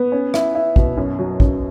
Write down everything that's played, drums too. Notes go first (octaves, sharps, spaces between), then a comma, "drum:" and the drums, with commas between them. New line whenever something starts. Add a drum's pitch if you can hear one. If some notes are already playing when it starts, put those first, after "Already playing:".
Already playing: B3
C#4
E4, drum: rim click
E4
B2, drum: kick
F#2
F#3
F#2, drum: kick